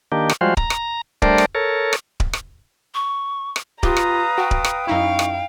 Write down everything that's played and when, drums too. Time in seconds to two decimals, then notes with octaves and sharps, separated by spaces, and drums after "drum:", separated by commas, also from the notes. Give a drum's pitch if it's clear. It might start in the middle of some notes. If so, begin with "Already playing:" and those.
0.12 D#3 A#3 D4 G4
0.29 drum: rim click
0.41 F3 G3 G#3 F4 F#4 C5
0.57 A#5, drum: kick D1
0.70 drum: rim click
1.22 G3 A3 D4 A#4 C5 D5, drum: kick D1
1.38 drum: rim click
1.55 A4 A#4 C#5
1.93 drum: rim click
2.20 drum: kick D1
2.33 drum: rim click
2.94 C#6
3.56 drum: rim click
3.83 F4 G4 B4 F5 A#5 D#6, drum: kick D1
3.97 drum: rim click
4.38 F#4 G5
4.51 drum: kick D1
4.64 drum: rim click
4.87 F#2 D#4 E4 F5 C#6
5.19 drum: rim click